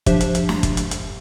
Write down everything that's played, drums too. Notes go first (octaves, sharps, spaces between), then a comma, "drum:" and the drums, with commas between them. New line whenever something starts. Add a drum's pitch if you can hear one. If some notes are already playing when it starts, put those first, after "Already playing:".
F3 D4 G4 C5 E5, drum: kick, hi-hat
drum: hi-hat
drum: hi-hat
drum: snare
drum: kick, hi-hat
drum: hi-hat
drum: hi-hat